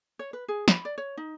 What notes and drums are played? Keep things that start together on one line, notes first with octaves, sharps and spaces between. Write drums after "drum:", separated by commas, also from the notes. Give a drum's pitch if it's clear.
C#5
B4
G#4
B5, drum: snare
D5
C#5
D#4